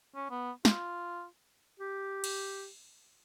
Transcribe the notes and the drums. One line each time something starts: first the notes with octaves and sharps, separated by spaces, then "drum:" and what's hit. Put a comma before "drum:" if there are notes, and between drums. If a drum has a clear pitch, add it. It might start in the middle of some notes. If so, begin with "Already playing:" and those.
C#4
B3
F4, drum: snare
G4
drum: cymbal